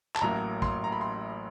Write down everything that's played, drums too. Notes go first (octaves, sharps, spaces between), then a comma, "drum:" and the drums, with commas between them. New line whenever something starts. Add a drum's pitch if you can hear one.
A5, drum: clap
A1 A2 F#3 A#3 A#5
C6, drum: kick
A#5
B5
C6